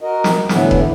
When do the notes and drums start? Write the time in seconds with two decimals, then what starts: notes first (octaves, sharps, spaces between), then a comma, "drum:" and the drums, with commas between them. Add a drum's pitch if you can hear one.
0.01 F#4 A#4 D#5
0.24 drum: snare
0.49 A2 D3 E3 B3, drum: snare
0.71 drum: kick F1